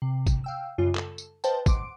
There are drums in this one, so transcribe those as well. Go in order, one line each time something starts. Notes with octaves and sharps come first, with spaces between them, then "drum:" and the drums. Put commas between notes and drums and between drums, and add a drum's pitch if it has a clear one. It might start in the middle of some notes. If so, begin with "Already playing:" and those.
C3
drum: kick, tambourine
F5 G5 E6
F#2 C#3 G3 F4
A4, drum: clap
drum: tambourine
B4 C5 D#5 F5 G5 A5, drum: tambourine
F#5 C6 D6 D7, drum: kick, tambourine